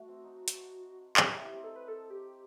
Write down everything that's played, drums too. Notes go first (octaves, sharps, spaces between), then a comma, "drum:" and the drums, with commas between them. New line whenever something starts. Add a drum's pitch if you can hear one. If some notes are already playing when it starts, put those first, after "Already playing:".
Already playing: A3 F#4
C4
D#4
drum: hi-hat
E4 G4, drum: clap
E4
D#4
C4
D#4 A4
B4
A4
G4